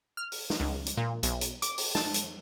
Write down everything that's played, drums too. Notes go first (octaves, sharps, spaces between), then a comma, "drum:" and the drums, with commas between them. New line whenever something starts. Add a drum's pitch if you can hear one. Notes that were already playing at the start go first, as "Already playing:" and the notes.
F6
drum: open hi-hat
drum: snare
C#2
drum: hi-hat
A#2
B1, drum: hi-hat
drum: hi-hat
D6, drum: hi-hat
drum: open hi-hat
A5, drum: snare
drum: hi-hat